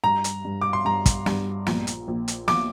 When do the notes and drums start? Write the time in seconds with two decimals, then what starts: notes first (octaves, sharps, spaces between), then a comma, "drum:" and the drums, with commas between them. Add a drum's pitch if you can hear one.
0.04 G2 A#5
0.24 drum: hi-hat
0.45 G2
0.61 D6
0.73 C6
0.85 G2 A#5
1.06 drum: kick, hi-hat
1.26 G2, drum: snare
1.66 A#1, drum: snare
1.87 drum: hi-hat
2.08 A#1
2.28 drum: hi-hat
2.48 D6, drum: snare